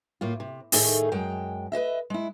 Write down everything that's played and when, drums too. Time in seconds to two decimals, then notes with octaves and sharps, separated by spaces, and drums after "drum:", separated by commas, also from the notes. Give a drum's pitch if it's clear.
0.21 A2 A#3 F4
0.40 C3
0.72 A2 D#3 A3 D#4 G#4, drum: open hi-hat
1.12 F#2 G#3 G5
1.72 B4 C5 D#5 E5
2.10 G#3 E4